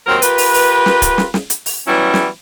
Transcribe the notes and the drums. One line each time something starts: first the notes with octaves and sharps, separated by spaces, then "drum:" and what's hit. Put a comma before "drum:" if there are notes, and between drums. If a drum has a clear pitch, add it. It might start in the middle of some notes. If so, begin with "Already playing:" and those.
D#2 D#3 F#3 C4 A#4
F4 G4 A#4 B4, drum: hi-hat
drum: open hi-hat
drum: open hi-hat
drum: snare
drum: kick D1, hi-hat
drum: snare
drum: snare
drum: hi-hat
drum: open hi-hat
E3 F#3 G3 B3 C#4 E4
drum: snare